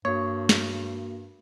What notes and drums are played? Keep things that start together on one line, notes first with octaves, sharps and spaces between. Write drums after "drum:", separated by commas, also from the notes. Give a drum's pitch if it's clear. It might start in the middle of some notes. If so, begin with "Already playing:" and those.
G2 A#3 F#4 C#5
drum: snare